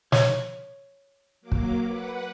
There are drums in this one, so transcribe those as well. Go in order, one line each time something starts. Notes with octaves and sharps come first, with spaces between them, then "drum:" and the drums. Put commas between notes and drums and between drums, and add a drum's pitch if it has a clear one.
C#5, drum: snare
F#3 A#3 D6
drum: kick
B4 F#5